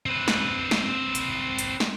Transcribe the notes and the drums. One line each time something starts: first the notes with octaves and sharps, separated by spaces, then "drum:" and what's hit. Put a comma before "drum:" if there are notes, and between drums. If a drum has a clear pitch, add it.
C4 B4
drum: snare
drum: snare
drum: hi-hat
drum: hi-hat
drum: snare